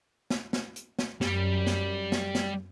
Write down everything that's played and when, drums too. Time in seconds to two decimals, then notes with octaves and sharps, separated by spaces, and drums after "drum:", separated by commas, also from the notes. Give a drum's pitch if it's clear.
0.30 drum: snare
0.53 drum: snare
0.76 drum: hi-hat
0.99 drum: snare
1.21 F#2 G3, drum: snare
1.67 drum: snare
2.12 drum: snare
2.35 drum: snare